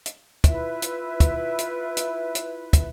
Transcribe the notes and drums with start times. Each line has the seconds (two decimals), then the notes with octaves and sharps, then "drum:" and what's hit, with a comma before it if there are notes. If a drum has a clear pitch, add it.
0.06 drum: hi-hat
0.44 E4 F4 B4 E5, drum: kick, hi-hat
0.82 drum: hi-hat
1.20 drum: kick, hi-hat
1.59 drum: hi-hat
1.97 drum: hi-hat
2.35 drum: hi-hat
2.73 drum: kick, hi-hat